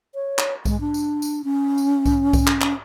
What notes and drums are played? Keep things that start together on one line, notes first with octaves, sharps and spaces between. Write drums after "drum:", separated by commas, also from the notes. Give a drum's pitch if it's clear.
C#5
drum: clap
G#3, drum: kick B1, tambourine
D4
drum: tambourine
drum: tambourine
C#4
drum: tambourine
drum: kick B1, tambourine
drum: kick B1, tambourine
drum: clap
drum: clap